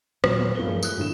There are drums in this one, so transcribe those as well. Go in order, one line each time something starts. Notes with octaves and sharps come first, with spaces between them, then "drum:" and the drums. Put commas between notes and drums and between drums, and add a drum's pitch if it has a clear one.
D#2 A#2 F#3, drum: rim click
B3
G2 A#4 G7
F3 G#3 A3
D#6 F#6 G7, drum: tambourine
A2 D3 E7